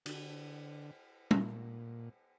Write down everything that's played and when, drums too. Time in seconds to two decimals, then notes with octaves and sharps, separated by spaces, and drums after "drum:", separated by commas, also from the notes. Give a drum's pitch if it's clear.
0.06 D3, drum: cymbal
1.31 A#2, drum: tom